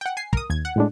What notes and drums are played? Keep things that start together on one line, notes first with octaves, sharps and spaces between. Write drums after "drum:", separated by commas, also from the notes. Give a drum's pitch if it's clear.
F#5 G5
G#5 C7
A#4 D#6, drum: kick
D#2 G#6
F#5
A2 G#3 D4